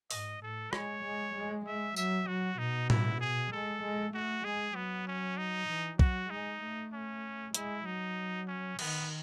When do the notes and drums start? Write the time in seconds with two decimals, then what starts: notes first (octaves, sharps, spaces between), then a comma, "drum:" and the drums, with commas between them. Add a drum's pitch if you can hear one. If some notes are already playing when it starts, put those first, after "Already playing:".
0.11 G#2 D#5, drum: open hi-hat
0.42 A2 A4
0.73 G#3 C#5, drum: rim click
1.04 G#3
1.35 G#3
1.66 G#3 E5
1.96 F#3 E5, drum: tambourine
2.28 F#3 F#4
2.58 B2 D#4
2.90 E4, drum: tom A2
3.20 G#4
3.52 G#3 A4
3.83 G#3
4.13 A3 F#4
4.44 G#3 G#4
4.75 F#3 B3
5.07 C#4
5.37 D#4
5.68 E3
5.99 F#3 F#4, drum: kick
6.30 G#3 D#4
6.61 A3
6.93 C#4
7.54 G#3 E4, drum: hi-hat
7.86 F#3 D#4
8.48 C#4
8.79 D#3 B3, drum: cymbal